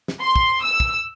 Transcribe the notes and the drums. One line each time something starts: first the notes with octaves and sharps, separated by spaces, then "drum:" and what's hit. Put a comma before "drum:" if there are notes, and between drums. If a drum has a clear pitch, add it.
drum: snare
C6
drum: kick
E6
drum: kick